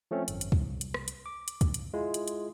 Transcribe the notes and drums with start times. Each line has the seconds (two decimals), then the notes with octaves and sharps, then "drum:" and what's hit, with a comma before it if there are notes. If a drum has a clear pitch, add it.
0.11 F3 A3 C4 C#4
0.28 G#1 F#2, drum: hi-hat
0.41 drum: hi-hat
0.52 C2, drum: kick
0.81 drum: hi-hat
0.94 drum: rim click
1.08 drum: hi-hat
1.26 D6
1.48 drum: hi-hat
1.61 drum: kick, hi-hat
1.74 drum: hi-hat
1.94 G#3 E4 F4
2.14 drum: hi-hat
2.28 drum: hi-hat